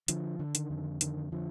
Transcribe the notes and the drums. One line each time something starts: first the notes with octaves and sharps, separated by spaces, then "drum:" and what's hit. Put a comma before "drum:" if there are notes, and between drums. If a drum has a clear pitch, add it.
D3 F3, drum: hi-hat
D3
D#3, drum: hi-hat
F2
D3 D#3, drum: hi-hat
D3 F3